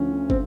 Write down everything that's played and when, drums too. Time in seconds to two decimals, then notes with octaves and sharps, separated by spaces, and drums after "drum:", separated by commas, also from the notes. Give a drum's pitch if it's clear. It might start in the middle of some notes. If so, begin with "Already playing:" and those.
Already playing: D2 F3 C#4
0.11 D3
0.30 C4, drum: kick